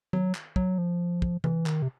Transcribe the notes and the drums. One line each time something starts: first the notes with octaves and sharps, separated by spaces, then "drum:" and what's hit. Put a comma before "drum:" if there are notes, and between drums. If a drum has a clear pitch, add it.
F#3, drum: tom D#3
drum: clap
F#3, drum: kick
F3
drum: kick
E3, drum: tom C3
D#3, drum: clap
C3